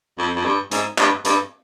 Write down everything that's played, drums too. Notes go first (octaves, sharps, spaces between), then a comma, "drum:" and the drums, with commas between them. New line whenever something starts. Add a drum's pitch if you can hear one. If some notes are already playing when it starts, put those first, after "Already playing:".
F2
F2
G2
G#2, drum: hi-hat
G2, drum: clap
G2, drum: hi-hat